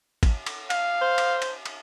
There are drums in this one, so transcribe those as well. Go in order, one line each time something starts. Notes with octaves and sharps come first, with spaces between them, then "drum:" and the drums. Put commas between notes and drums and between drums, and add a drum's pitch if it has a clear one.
drum: kick G#1, cymbal
drum: cymbal
F5, drum: cymbal
C5
drum: cymbal
drum: cymbal
drum: cymbal